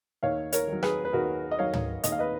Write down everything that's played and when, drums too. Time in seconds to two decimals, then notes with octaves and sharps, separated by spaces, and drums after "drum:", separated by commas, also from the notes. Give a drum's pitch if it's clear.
0.23 D#2 C#5 F5
0.52 A#4 C#5, drum: hi-hat
0.68 D#3 F#3
0.83 G#4 B4, drum: rim click
1.05 B4
1.13 D#2 F#4 A#4
1.51 D#5
1.59 D#3 F#3 C#5 F5
1.73 drum: tom
2.04 D#2 D#5, drum: hi-hat
2.12 F5
2.19 B4 D#5